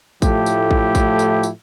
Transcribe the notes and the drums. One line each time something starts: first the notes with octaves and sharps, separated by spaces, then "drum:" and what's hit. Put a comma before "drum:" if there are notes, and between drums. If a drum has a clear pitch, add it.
A2 F3 A3 E4 G4, drum: kick A1, tambourine
drum: tambourine
drum: kick A1
drum: kick A1, tambourine
drum: tambourine
drum: tambourine